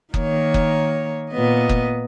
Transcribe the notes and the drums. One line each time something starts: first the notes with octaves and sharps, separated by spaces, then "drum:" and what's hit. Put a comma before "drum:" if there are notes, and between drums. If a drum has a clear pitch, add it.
D#3 A#3 C#5, drum: kick F#1
drum: kick F#1
A#2 B3 D#5
drum: kick F#1